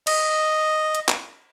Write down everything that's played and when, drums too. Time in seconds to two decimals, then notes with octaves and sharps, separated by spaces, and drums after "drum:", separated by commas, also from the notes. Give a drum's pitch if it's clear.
0.07 D#5, drum: cymbal
0.95 drum: hi-hat
1.09 drum: clap